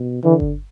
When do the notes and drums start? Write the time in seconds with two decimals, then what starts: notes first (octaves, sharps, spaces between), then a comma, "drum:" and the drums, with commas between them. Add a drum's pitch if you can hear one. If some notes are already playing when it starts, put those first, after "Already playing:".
Already playing: B2
0.24 D3 E3
0.40 drum: kick G1